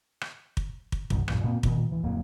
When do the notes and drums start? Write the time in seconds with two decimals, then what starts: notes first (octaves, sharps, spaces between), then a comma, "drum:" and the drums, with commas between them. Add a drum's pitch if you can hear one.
0.21 drum: rim click
0.57 drum: kick
0.92 drum: kick
1.10 C2 G2 B2 D#3, drum: kick
1.28 A1 F#2 A#2 E3, drum: rim click
1.43 A#2 A#3 C4
1.63 D2 A#2 D#3, drum: kick
1.90 D2 E3
2.03 D1 F2 F#3 A#3